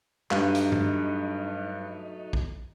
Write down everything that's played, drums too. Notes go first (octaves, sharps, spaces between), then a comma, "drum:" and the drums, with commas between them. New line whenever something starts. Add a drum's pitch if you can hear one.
G2 F#3 A3 D#4 F5, drum: clap
drum: hi-hat
drum: tom G2
drum: kick A#1